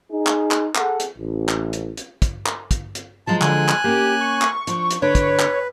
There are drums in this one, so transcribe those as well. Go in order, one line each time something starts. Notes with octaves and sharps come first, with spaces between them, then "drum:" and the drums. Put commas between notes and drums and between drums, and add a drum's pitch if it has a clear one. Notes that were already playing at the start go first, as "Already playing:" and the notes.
D#4 G#4
drum: clap
drum: clap
G#4 A4 F#5, drum: clap
drum: hi-hat
A1
drum: clap
drum: hi-hat
drum: hi-hat
drum: kick, hi-hat
drum: clap
drum: kick, hi-hat
drum: hi-hat
F3 F#3 G#3 A5
D3 G#5 F#6, drum: clap
drum: clap
A#3 C#4 G4
C#6
drum: clap
F3 D4, drum: hi-hat
drum: hi-hat
D3 D4 B4 C#5
drum: kick, hi-hat
drum: clap